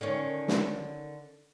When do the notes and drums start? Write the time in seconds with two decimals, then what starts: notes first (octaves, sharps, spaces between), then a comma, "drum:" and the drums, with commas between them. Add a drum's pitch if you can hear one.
0.01 D3 D#3 C#4
0.48 drum: snare